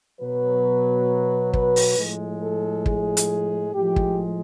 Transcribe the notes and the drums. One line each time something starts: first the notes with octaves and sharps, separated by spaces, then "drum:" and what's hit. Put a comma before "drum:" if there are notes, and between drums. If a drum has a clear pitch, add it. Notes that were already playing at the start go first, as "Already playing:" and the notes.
B2 F#3 B4
B4, drum: kick
drum: open hi-hat
A2 F3 G#3
A4
G#4, drum: kick
drum: hi-hat
A2 F3 G#3 G4
drum: kick